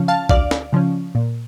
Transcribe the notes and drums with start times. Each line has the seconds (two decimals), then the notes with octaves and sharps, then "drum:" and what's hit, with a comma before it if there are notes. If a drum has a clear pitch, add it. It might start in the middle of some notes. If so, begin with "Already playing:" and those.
Already playing: C#3 F3 C#4
0.08 F5 A5
0.29 D2 D5 F5, drum: kick A#1
0.51 drum: snare
0.73 C#3 F3 C#4
1.15 A#2